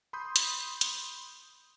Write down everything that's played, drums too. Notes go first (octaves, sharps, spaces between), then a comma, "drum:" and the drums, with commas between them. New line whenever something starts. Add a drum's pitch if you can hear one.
B5 C6 D#6 G6
drum: hi-hat
drum: hi-hat